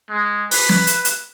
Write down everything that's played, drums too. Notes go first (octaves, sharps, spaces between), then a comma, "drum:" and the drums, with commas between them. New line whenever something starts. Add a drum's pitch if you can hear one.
G#3
B4, drum: open hi-hat
drum: snare
drum: hi-hat
drum: hi-hat